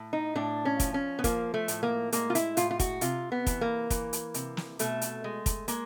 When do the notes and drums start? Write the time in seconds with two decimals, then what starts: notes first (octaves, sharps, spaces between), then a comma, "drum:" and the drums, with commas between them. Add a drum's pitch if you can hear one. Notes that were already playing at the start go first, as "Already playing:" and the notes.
Already playing: A2
0.13 D#4
0.35 A2 D4
0.65 C#4
0.80 F3, drum: kick, hi-hat
0.94 C#4
1.19 B3
1.24 F3 A#3, drum: kick, hi-hat
1.54 A3
1.68 A2, drum: hi-hat
1.83 A#3
2.12 G#3 A#3, drum: hi-hat
2.30 F4
2.35 E4, drum: hi-hat
2.57 A2 F4, drum: hi-hat
2.71 F4
2.80 F#4, drum: kick, hi-hat
3.01 C3 F4, drum: hi-hat
3.32 B3
3.47 E3, drum: kick, hi-hat
3.61 A#3
3.90 E3, drum: kick, hi-hat
4.13 drum: hi-hat
4.34 C3, drum: hi-hat
4.57 drum: snare
4.79 B2 A3, drum: hi-hat
5.01 drum: hi-hat
5.24 G#3
5.46 drum: kick, hi-hat
5.68 G#3 A#3, drum: hi-hat